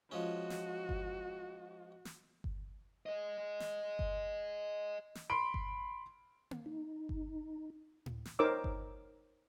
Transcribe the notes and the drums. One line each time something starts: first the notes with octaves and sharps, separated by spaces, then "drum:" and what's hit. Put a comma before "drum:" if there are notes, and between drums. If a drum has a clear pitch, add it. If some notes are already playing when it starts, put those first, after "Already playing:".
F3 G#3 C#4 F#4
drum: snare
drum: kick G1
drum: snare
drum: kick G1
G#4 D#5
drum: snare
drum: kick G1
drum: snare
B5 C6 D7
drum: kick G1
drum: tom A#3
D#4
drum: kick G1
drum: tom A2
drum: snare
D#4 A#4 C5 C#5 D6 E6
drum: kick G1